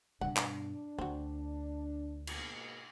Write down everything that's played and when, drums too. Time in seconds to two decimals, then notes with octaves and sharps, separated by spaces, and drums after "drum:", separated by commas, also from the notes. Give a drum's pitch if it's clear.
0.21 G2 B2 D4 F#5
0.37 drum: clap
0.98 D2 C4 F#4
2.27 G#2 B2 A#3, drum: cymbal